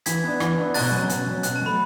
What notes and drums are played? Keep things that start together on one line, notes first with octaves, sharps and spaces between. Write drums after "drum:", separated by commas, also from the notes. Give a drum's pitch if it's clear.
E3 G#6 B6, drum: hi-hat
B3 D4
E3, drum: rim click
B3 D4
B2 F#6 A6, drum: open hi-hat
F#3 C#4
B2, drum: hi-hat
F#3 C#4
B2 F#6, drum: hi-hat
A5
F#3 A3 B5